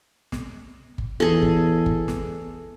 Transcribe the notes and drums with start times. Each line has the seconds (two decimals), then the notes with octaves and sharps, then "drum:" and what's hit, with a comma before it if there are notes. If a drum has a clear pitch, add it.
0.32 drum: snare
0.98 drum: kick G1
1.20 E2 G#4 A4
1.42 drum: kick G1
1.86 drum: kick G1
2.08 drum: snare